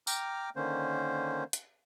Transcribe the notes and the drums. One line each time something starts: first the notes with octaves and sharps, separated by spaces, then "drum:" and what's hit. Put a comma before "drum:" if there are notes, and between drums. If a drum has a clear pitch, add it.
G5 A#5 D6 F6, drum: tambourine
D3 D#3 A#3 C#4 C5
drum: hi-hat